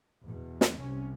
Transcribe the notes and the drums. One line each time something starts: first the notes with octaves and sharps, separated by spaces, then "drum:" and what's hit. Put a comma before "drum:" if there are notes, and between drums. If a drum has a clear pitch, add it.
E2 B2
drum: snare
C2 C3 C#4